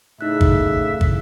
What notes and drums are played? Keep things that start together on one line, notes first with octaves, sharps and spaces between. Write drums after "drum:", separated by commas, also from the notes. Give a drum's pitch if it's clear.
A2 C#3 D#4 E5 F#6
drum: kick
drum: kick